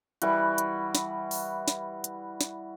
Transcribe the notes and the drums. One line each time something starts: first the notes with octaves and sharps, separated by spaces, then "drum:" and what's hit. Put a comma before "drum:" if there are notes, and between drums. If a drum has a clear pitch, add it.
E3 G3 F#4, drum: hi-hat
drum: hi-hat
drum: snare
drum: open hi-hat
drum: snare
drum: hi-hat
drum: snare